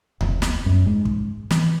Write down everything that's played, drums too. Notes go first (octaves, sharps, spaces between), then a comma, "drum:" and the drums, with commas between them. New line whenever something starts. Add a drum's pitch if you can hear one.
F1, drum: tom D2
drum: snare
F#2
G#2
drum: kick
E3, drum: snare